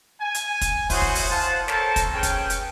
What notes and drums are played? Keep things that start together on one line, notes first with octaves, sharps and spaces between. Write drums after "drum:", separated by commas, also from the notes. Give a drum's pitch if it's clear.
G#5
drum: hi-hat
drum: kick, hi-hat
E4 F#4 G#4 C5 C#5 C6, drum: kick, open hi-hat
drum: kick
drum: open hi-hat
C5 F5 F#5 A5
A4 A#4 C5 C#5 A5, drum: snare
drum: kick, hi-hat
C#4 G#4 B4 G5
drum: kick, hi-hat
drum: hi-hat